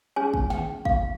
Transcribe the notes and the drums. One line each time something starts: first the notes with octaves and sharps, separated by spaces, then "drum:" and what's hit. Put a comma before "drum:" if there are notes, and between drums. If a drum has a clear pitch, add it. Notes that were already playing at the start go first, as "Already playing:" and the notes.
C#4 G#4 C#5 G#5
drum: kick
G5, drum: snare
F5, drum: kick